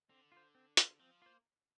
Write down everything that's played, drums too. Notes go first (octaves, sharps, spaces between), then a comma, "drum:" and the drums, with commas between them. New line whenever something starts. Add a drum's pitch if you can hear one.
D3 C4
F4 C5
C4
F4 C5, drum: hi-hat
F3 C4
A#3 F4 C5